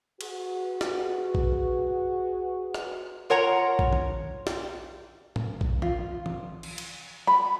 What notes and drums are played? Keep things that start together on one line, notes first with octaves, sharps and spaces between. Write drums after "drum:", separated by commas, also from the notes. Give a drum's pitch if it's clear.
F#4 G#4 B4, drum: cymbal
drum: snare
drum: kick A#1
drum: rim click
F4 A#4 C#5 F#5 A#5
drum: kick A#1
drum: tom D#3
drum: snare
drum: tom
drum: kick A#1
F4, drum: tom
drum: tom
drum: cymbal
drum: cymbal
B5